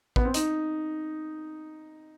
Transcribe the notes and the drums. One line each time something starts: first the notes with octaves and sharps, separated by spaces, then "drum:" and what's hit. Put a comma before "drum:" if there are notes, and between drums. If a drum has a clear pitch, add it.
B3, drum: kick A1
C4
D#4, drum: hi-hat